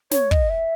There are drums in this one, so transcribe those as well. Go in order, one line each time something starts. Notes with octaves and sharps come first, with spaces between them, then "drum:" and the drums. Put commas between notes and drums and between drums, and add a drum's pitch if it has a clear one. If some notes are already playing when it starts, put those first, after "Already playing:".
C#5, drum: snare
D#5, drum: kick
E5